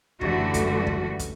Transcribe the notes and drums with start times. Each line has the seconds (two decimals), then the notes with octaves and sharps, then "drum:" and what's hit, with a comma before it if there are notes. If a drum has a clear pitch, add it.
0.21 F#2 D3 E3 G3 A3 F#4, drum: kick
0.54 drum: kick, hi-hat
0.87 drum: kick
1.19 drum: kick, hi-hat